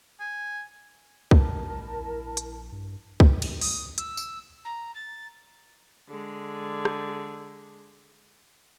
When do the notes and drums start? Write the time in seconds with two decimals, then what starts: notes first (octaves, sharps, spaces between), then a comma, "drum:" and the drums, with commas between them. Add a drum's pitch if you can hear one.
0.20 G#5
1.31 A#1 E4 A#4 A5, drum: kick C2
2.37 drum: hi-hat
2.72 G2
3.20 drum: kick C2
3.42 drum: cymbal
3.61 D#6, drum: open hi-hat
3.98 E6, drum: hi-hat
4.17 drum: tambourine
4.65 A#5
4.94 A6
6.08 D3 G#3
6.85 drum: rim click